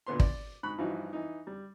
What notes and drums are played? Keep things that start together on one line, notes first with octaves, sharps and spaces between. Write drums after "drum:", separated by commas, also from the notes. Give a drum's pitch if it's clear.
A#2 D3 B3 C6
D5, drum: kick
G#2 B5 C#6 F#6
G2 E3 F3 D#4 F#4
E3 D#4
G3